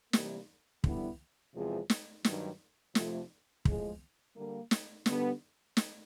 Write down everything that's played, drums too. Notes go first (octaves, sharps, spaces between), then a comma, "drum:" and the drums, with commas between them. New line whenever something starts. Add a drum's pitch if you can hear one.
C3 E3 G3 A#3, drum: snare
D3 G3 B3 E4, drum: kick
E2 C3 F3 G#3
drum: snare
G2 D#3 F#3, drum: snare
F2 C3 F3 A3, drum: snare
A2 F3 G#3, drum: kick
D3 G3 A#3
drum: snare
G2 D3 G3 B3 D4, drum: snare
drum: snare